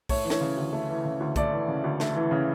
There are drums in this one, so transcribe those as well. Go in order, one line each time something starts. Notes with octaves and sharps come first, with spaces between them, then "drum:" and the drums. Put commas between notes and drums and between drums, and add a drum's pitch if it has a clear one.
A3 C#5, drum: kick B1, open hi-hat
E3
C#5, drum: snare
C#3
D2
A3
E3
C#3
D2
A3 D5, drum: kick B1, hi-hat
E3
C#3
D2
A3, drum: snare
E3
C#3